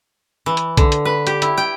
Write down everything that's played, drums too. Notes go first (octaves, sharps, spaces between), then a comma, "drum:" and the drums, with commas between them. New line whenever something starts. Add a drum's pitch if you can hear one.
E3
drum: hi-hat
D3, drum: kick B1, hi-hat
drum: hi-hat
B4
G4, drum: hi-hat
E4, drum: hi-hat
G5